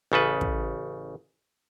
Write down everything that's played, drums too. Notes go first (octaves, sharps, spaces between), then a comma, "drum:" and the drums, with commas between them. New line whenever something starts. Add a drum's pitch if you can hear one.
A1 C#3 A4 B4
drum: kick